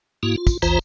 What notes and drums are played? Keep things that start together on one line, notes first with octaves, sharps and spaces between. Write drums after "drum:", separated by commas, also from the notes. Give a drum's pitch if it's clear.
G#2 A#3 E4 F#4
F4
drum: kick, tambourine
A1 D#2 E3 F4 C5 A#5, drum: tambourine